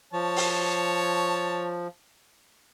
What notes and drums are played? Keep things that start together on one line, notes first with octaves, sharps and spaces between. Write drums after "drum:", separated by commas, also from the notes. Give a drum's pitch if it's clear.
F3 C#5 A5
drum: open hi-hat